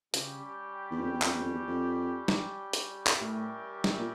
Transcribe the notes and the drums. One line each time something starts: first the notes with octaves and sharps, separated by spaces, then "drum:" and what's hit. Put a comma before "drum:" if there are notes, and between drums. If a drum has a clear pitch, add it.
C#3 G3 C#4 G4, drum: hi-hat
E2
F2
E2
F2, drum: clap
E2
F2
E2
F2
drum: snare
drum: hi-hat
drum: clap
A2 G3 C#4 G4 A#4 E5
drum: snare
A#2